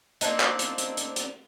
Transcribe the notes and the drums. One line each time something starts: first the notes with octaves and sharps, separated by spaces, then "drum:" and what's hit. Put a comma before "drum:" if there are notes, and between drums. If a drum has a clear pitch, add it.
A#3 C4 D4 D#4, drum: hi-hat
drum: clap
drum: hi-hat
drum: hi-hat
drum: hi-hat
drum: hi-hat